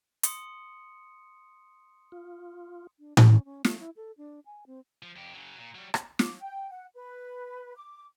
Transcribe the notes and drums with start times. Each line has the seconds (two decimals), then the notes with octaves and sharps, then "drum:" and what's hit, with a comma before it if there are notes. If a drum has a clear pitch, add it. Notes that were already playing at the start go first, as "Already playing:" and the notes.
0.23 C6 D#6 C#7, drum: hi-hat
2.12 F4
2.99 D4
3.17 C#4, drum: tom A2
3.45 C#4
3.65 A3, drum: snare
3.80 E4
3.97 A4
4.18 D4
4.46 G#5
4.66 C4
5.03 F3
5.16 F2 G4
5.34 C#3 F#3
5.58 A#2
5.75 F#3 G3
5.94 drum: rim click
6.19 D6, drum: snare
6.41 G5
6.71 F#5
6.95 B4
7.76 D6